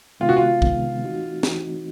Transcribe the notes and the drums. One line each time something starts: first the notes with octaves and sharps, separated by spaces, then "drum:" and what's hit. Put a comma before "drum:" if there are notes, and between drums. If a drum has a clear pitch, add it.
C3 D#3 G#3 B3 F4
F#4
F4
C3 D#3 G#3 B3, drum: kick
E3 A3 C4 D#4 F#4
E3 A3 C4 D#4 F#4, drum: snare